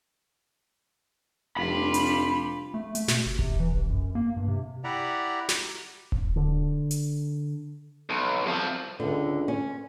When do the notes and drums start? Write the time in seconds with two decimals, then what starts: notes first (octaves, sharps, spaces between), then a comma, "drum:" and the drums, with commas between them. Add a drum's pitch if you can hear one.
1.57 F1 G3 D4 F4 B5
1.94 drum: hi-hat
2.74 A3
2.95 A3, drum: hi-hat
3.08 B2, drum: snare
3.26 F#1
3.39 C3, drum: kick D#1
3.60 E3
3.72 A1
3.90 F#2
4.15 A#3
4.36 G2
4.48 C3
4.84 E4 G4 D5 E5 F#5 A#5
5.49 drum: snare
6.12 drum: kick D#1
6.36 D3
6.91 drum: hi-hat
8.10 B1
8.46 C2 F3
9.00 C#2 D3
9.48 C#4